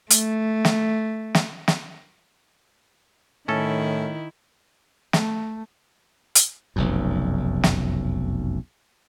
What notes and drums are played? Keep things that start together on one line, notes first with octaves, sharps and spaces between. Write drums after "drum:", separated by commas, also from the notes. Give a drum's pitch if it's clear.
A3, drum: hi-hat
drum: snare
drum: snare
drum: snare
A2 D#3 C#4 E4 A4
A3, drum: snare
drum: hi-hat
F1 B1 F#2
drum: snare